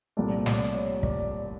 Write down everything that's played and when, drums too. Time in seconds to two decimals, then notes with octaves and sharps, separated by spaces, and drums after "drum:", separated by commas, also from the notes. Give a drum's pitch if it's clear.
0.17 C2 A#2 F3 A3 D5
0.46 D5, drum: snare
0.74 C#5
1.03 D5, drum: kick